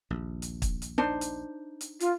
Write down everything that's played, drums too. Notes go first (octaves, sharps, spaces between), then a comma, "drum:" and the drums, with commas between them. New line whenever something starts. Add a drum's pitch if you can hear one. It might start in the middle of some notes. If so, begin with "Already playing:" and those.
A#1 D#2
drum: hi-hat
drum: kick, hi-hat
drum: hi-hat
D4 D#4 C5
drum: hi-hat
drum: hi-hat
F4, drum: hi-hat